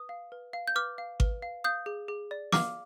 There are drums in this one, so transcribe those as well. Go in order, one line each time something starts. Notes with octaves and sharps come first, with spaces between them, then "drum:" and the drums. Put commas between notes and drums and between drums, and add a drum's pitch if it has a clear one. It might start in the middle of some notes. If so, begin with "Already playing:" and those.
Already playing: B4 D#6
F5
B4
F5
G6
B4 D6 F6
F5
B4, drum: kick G#1
F5
F5 D#6 G6
G#4
G#4
D5
F5 D6 F6, drum: snare